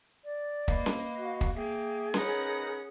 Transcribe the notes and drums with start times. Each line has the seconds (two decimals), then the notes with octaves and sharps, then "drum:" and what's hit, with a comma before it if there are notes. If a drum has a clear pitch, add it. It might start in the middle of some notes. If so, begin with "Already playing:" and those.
0.25 D5
0.68 A#3 B4 D#5 F5, drum: kick
0.86 drum: snare C#4
1.17 F#4
1.41 drum: kick
1.55 A#3 G#4 E5 G5
2.14 C#4 D#4 A#4 B4 F#5 A#6, drum: snare C#4